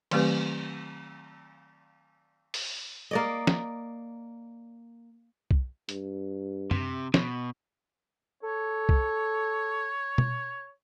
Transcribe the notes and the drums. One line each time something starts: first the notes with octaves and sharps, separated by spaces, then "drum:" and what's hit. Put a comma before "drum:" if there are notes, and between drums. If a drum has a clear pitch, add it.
D#3 F#3 A3 C4 G4 B4, drum: cymbal
drum: open hi-hat
A#3 D5 D#5
drum: snare
drum: kick
G2, drum: hi-hat
C3, drum: tom F#2
B2, drum: snare
A4 C#5
drum: kick
drum: tom B2